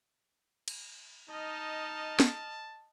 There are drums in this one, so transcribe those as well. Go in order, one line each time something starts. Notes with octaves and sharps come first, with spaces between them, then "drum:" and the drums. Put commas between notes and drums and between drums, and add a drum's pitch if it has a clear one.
drum: cymbal
D#4 D#5 A5 F6
drum: snare